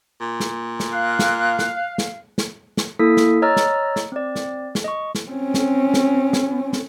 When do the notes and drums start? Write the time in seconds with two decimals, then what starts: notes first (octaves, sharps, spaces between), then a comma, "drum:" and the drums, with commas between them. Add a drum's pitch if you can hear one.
0.20 A#2
0.40 drum: snare
0.80 drum: snare
0.93 F5 F#6
1.19 drum: snare
1.59 drum: snare
1.98 drum: snare
2.38 drum: snare
2.77 drum: snare
2.99 A#3 E4 A4 D#6 B6
3.17 drum: snare
3.42 C#5 D#5 A#5 E6 F6 A6
3.56 drum: snare
3.96 drum: snare
4.12 C4 D5
4.36 drum: snare
4.75 drum: snare
4.84 D#5 C#6
5.15 drum: snare
5.30 C4 C#4
5.54 drum: snare
5.94 drum: snare
6.33 drum: snare
6.73 drum: snare